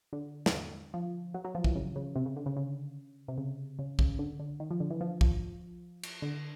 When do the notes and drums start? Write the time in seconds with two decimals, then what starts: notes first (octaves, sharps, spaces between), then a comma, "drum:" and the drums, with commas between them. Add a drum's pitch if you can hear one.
0.13 D3
0.46 drum: snare
0.94 F3
1.34 F#3
1.44 F#3
1.55 F3
1.64 E3, drum: kick
1.75 C#3
1.96 C#3
2.16 C3
2.26 C#3
2.36 D3
2.46 C#3
2.57 C#3
3.28 C3
3.38 C#3
3.79 C#3
3.99 C#3, drum: kick
4.19 D3
4.40 D3
4.60 D#3
4.71 F3
4.80 D3
4.90 E3
5.01 F3
5.21 F3, drum: kick
6.03 drum: cymbal
6.22 D3